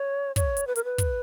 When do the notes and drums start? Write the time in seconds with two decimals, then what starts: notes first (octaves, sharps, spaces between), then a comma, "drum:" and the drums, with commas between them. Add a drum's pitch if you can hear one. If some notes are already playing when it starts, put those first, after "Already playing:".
Already playing: C#5
0.36 C#5, drum: kick, hi-hat
0.57 drum: hi-hat
0.67 B4
0.76 A#4, drum: hi-hat
0.84 B4
0.98 drum: kick, hi-hat